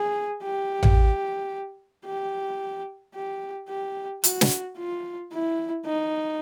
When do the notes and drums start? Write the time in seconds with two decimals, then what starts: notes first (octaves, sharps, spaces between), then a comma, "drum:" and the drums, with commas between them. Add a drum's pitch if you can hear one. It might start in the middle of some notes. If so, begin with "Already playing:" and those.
Already playing: G#4
0.43 G4
0.83 drum: tom A1
2.05 G4
3.14 G4
3.68 G4
4.24 F#4, drum: hi-hat
4.41 drum: snare
4.78 F4
5.33 E4
5.86 D#4